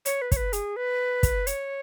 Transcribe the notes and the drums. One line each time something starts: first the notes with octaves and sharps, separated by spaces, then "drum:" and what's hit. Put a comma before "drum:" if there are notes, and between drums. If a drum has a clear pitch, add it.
C#5, drum: hi-hat
B4
C#5, drum: kick, hi-hat
B4
G#4, drum: hi-hat
B4
drum: kick, hi-hat
C#5, drum: hi-hat